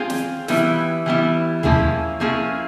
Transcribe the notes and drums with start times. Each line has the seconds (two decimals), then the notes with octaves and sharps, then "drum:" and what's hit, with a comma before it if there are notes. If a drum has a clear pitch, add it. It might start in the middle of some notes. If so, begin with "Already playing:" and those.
Already playing: C4 F4 G#4 C#5 F5
0.10 drum: snare
0.48 E3 G3 B3 E4, drum: snare
1.06 E3 G3 B3 E4
1.63 F3 A#3 C#4 E4 G#4, drum: tom
2.20 F3 A#3 C#4 E4 G#4